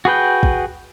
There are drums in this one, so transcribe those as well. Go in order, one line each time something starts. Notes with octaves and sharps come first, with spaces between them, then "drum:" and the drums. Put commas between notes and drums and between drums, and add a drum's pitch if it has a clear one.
F#4 G#4 B4 G5
drum: kick